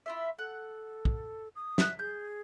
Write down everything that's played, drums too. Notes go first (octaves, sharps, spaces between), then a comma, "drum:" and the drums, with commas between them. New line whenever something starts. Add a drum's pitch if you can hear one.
E4 F4 E5
A4 F#5
drum: kick
D#6
E5 F#6, drum: snare
G#4 G6